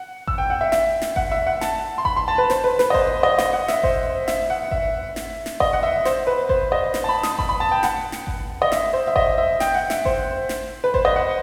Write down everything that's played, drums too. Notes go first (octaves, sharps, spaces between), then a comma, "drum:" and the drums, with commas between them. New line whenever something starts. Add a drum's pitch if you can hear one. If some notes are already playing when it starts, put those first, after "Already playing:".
Already playing: F#5
E6, drum: kick G#1
G5
F#5
E5
E5, drum: snare
drum: snare
F#5, drum: kick G#1
E5
F#5
A5, drum: snare
C6
B5, drum: kick G#1
C6
A5
B4
C5, drum: snare
B4
B4, drum: snare
D#5
C5, drum: kick G#1
D#5
D#5, drum: snare
F#5
E5, drum: snare
C5, drum: kick G#1
E5, drum: snare
F#5
E5, drum: kick G#1
drum: snare
drum: snare
D#5, drum: kick G#1
F#5
E5
C5, drum: snare
B4
C5, drum: kick G#1
D#5
drum: snare
A5
B5
D#6, drum: snare
B5, drum: kick G#1
B5
A5
G5
F#5, drum: snare
drum: snare
drum: kick G#1
D#5
E5, drum: snare
C5
E5
D#5, drum: kick G#1
E5
G5, drum: snare
F#5
E5, drum: snare
C5, drum: kick G#1
drum: snare
B4
C5, drum: kick G#1
D#5
F#5